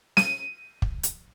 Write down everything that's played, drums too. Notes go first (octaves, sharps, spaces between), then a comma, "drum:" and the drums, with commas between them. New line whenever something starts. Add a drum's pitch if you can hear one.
D#7, drum: snare
drum: kick
drum: hi-hat